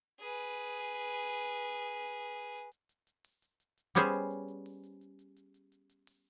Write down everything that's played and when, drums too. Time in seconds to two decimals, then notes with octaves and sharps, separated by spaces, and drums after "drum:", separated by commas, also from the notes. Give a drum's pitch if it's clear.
0.20 G#4 B4
0.42 drum: open hi-hat
0.60 drum: hi-hat
0.77 drum: hi-hat
0.95 drum: hi-hat
1.13 drum: hi-hat
1.30 drum: hi-hat
1.48 drum: hi-hat
1.66 drum: hi-hat
1.83 drum: open hi-hat
2.01 drum: hi-hat
2.19 drum: hi-hat
2.36 drum: hi-hat
2.54 drum: hi-hat
2.72 drum: hi-hat
2.89 drum: hi-hat
3.07 drum: hi-hat
3.25 drum: open hi-hat
3.42 drum: hi-hat
3.60 drum: hi-hat
3.78 drum: hi-hat
3.95 G3 B3 C#4 G#4 C5
4.13 drum: hi-hat
4.31 drum: hi-hat
4.48 drum: hi-hat
4.66 drum: open hi-hat
4.84 drum: hi-hat
5.01 drum: hi-hat
5.19 drum: hi-hat
5.37 drum: hi-hat
5.54 drum: hi-hat
5.72 drum: hi-hat
5.90 drum: hi-hat
6.07 drum: open hi-hat